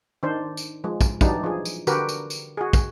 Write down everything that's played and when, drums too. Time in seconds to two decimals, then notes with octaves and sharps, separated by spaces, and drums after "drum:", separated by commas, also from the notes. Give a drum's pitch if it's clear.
0.23 D#3 D4 C5
0.57 drum: tambourine
0.84 F3 G#3
1.01 drum: kick, tambourine
1.21 E3 F#3 G3 D4 D#4, drum: kick, tambourine
1.44 F3 G#4
1.65 drum: tambourine
1.87 D3 F#4 G4 A#4 B4, drum: tambourine
2.09 drum: tambourine
2.30 drum: tambourine
2.57 F#4 G#4
2.73 drum: kick, tambourine